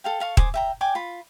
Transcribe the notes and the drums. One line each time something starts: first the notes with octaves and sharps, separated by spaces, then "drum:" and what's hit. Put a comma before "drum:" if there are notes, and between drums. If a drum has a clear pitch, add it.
A4 F5 G5
A4 F5 C#6
C5 G#5 D6 D#6, drum: kick D#1
E5 G5 A#5
D5 G5 G#5 D6
F4 B5